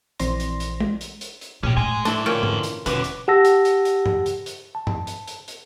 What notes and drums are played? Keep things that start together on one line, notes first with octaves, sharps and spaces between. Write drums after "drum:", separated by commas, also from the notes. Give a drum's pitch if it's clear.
A#1 E3 C4 D5 C6 A#6, drum: hi-hat
drum: hi-hat
drum: hi-hat
drum: tom
drum: hi-hat
drum: hi-hat
drum: hi-hat
A#2 C#4 G4, drum: tom G#2
A2 G#3 G#5
A3 D4 E4 A#4 C5, drum: hi-hat
A#2 D3 E3 C#4 G5
drum: tom G#2
drum: hi-hat
E1 C2 D3 E3 C#4 F#4 B4, drum: hi-hat
drum: hi-hat
G4 F#5 A5 E6 A#6
drum: hi-hat
drum: hi-hat
drum: hi-hat
drum: tom G2
drum: hi-hat
drum: hi-hat
A5
drum: tom G2
drum: hi-hat
drum: hi-hat
drum: hi-hat